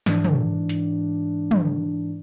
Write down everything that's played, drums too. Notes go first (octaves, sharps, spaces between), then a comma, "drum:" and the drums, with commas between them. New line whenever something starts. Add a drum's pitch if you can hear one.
G#2 E3 D4, drum: snare
drum: tom
drum: hi-hat
drum: tom